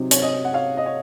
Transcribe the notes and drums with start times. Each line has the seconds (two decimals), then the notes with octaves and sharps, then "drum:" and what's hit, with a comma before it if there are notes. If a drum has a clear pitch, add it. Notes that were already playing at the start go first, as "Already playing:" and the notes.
Already playing: C3 F#3 C4 D#4
0.11 C#5, drum: hi-hat
0.22 D#5
0.45 F#5
0.54 C#5 F5
0.77 D#5
0.86 C#5